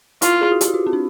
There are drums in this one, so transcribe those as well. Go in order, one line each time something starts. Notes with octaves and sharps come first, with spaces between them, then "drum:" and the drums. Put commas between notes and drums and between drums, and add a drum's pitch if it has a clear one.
E4 F4, drum: hi-hat
G#4
F#4
G4, drum: hi-hat
F#4
F4
C4
D4